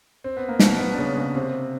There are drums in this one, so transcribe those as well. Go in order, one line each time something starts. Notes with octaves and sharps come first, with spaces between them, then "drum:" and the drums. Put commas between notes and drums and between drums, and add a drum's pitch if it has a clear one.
C4
B3
A#3
B2 B3, drum: snare
B2 B3
D4
C#3 C#4
C#3 C#4
C3 C4